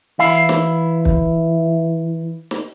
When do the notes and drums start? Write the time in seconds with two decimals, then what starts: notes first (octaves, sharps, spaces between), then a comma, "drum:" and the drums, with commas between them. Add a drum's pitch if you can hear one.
0.19 E3 E4 F5
0.49 drum: snare
1.05 drum: kick
2.51 drum: snare